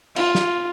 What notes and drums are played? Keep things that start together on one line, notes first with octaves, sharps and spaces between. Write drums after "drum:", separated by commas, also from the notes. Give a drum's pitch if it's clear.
F4, drum: cymbal
drum: snare